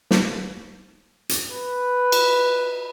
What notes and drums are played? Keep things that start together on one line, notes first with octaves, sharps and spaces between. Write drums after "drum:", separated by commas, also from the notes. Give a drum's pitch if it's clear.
drum: snare
drum: hi-hat
B4
drum: cymbal